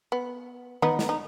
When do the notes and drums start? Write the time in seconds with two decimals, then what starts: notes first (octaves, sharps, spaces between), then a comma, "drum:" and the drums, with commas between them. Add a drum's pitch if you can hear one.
0.12 B3
0.82 B3 D#4, drum: tom D#3
0.99 drum: snare
1.09 D#4